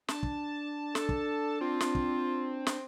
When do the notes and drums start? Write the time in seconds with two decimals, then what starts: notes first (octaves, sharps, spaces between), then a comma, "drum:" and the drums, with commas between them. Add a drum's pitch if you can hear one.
0.08 D4 A5, drum: snare
0.23 drum: kick
0.95 A4, drum: snare
1.09 drum: kick
1.61 C4 F4
1.81 drum: snare
1.95 drum: kick
2.67 drum: snare